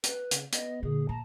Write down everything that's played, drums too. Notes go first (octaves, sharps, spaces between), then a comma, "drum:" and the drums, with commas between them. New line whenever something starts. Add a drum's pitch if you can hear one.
B4, drum: hi-hat
C#3, drum: hi-hat
B3 D#5, drum: hi-hat
A#2 D3 G#4
A#2 A5 A#5